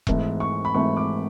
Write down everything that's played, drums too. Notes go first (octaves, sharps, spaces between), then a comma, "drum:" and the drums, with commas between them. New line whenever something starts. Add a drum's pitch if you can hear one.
G#1 G#2 E3 A3, drum: kick E1
C#6
B5
G#1 G#2 E3 A3 C#6
D6